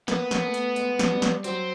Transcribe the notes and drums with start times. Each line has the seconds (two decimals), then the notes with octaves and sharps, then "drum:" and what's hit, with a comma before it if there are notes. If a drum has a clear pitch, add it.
0.08 A#3 B3, drum: snare
0.31 drum: snare
0.43 A3
0.54 drum: hi-hat
0.76 G#3, drum: hi-hat
0.99 drum: snare
1.11 G3
1.22 drum: snare
1.44 F#3 C4, drum: hi-hat